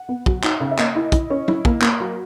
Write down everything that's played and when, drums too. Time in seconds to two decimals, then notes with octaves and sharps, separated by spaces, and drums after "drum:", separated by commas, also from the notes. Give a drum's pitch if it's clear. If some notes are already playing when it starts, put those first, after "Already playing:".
Already playing: F#5
0.09 B3
0.26 F#3, drum: kick
0.43 D#4, drum: clap
0.60 C#3
0.71 E5
0.78 A#3 D#5, drum: clap
0.96 E4
1.12 E4, drum: kick, hi-hat
1.30 C#4
1.48 E4, drum: tom
1.65 A#3, drum: kick
1.81 A#3, drum: clap
2.00 F#3